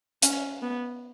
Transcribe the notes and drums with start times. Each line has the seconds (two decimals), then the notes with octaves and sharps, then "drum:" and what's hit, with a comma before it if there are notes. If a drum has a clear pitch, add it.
0.22 C#4, drum: hi-hat
0.62 B3